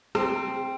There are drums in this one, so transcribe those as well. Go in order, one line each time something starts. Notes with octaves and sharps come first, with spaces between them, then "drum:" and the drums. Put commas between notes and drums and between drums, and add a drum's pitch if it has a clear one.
C4, drum: rim click